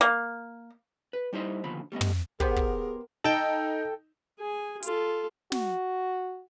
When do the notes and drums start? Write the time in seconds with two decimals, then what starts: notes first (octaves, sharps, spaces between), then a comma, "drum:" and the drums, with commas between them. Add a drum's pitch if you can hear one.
0.01 A#3
1.13 B4
1.33 G3 D#4 E4 C5 D#5
1.64 D#2 B2 D3 F3 B5
1.92 G3 A3 B3 D#5
2.01 drum: tom
2.40 B3 G4 G#4 A#4 C5, drum: kick
2.56 drum: kick
3.24 D#4 A4 G5
4.39 G#4 G#5
4.83 F4 A4, drum: hi-hat
5.52 F#4, drum: snare